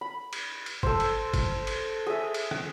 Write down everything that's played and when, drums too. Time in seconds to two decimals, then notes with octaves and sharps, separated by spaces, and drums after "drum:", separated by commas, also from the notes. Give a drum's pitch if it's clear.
0.01 B5
0.33 drum: cymbal
0.66 drum: cymbal
0.83 A4 C5, drum: kick
1.00 drum: cymbal
1.34 drum: kick, cymbal
1.67 drum: cymbal
2.07 G#4 E5
2.34 drum: cymbal
2.51 drum: rim click